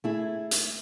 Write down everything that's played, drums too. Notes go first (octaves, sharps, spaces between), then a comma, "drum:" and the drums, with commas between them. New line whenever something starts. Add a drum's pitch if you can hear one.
A3 E4 G#4
drum: hi-hat